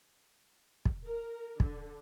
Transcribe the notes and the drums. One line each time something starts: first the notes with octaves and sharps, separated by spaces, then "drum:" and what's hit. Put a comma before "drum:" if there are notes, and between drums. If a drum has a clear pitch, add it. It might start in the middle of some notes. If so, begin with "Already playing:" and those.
drum: kick
A#4
D3, drum: kick